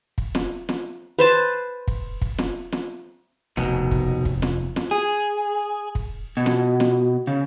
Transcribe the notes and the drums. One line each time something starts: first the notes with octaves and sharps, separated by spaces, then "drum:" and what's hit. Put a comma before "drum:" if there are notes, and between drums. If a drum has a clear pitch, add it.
drum: kick
drum: snare
drum: snare
B4 C5 A5
drum: kick
drum: kick
drum: snare
drum: snare
F1 D#2 B2 D#3
drum: kick
drum: kick
drum: snare
drum: snare
G#4
drum: kick
B2
drum: snare
drum: snare
C#3